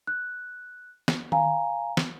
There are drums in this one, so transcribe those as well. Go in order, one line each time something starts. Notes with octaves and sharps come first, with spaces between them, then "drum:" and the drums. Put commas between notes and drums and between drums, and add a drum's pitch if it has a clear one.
F#6
drum: snare
F5 G#5 A#5, drum: tom D#3
drum: snare